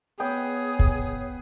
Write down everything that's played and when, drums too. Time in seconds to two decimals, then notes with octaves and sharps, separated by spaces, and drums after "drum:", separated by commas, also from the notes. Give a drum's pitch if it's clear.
0.20 B3 G#4 C#5 G5 D#6
0.79 drum: kick